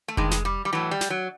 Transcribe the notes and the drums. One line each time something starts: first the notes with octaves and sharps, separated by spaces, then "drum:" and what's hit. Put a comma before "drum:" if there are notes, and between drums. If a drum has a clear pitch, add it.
A3
G2 D#3 G#3, drum: kick F1
drum: snare
G3
G3
A2 E3 F#3
G3
drum: snare
F#3